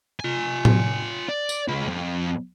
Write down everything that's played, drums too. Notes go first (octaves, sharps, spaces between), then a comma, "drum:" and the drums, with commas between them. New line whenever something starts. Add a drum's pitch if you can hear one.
F4 G#5
drum: tom A2
D5
drum: tambourine
C#2 B4
F2